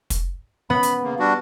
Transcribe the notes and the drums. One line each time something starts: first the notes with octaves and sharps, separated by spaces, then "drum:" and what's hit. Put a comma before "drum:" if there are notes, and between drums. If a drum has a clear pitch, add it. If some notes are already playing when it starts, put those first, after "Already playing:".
drum: kick, hi-hat
B3 B5
drum: hi-hat
C#3 A#3
G3 D4 F#4